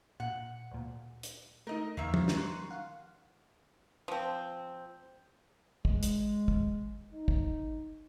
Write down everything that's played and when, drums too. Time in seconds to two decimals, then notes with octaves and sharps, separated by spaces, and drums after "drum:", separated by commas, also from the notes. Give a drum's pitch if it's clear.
0.20 A#2 F#5
0.71 D2 A#2
1.23 drum: hi-hat
1.67 A3 D#4 A#4 D#5
1.97 E2 D#3 A#3 E5
2.14 drum: tom
2.28 drum: snare
2.37 C6 C#6 F#6
2.70 F5 F#5
4.08 F3 C4
5.85 G#3, drum: kick
6.03 drum: hi-hat
6.48 drum: kick
7.12 D#4
7.28 drum: kick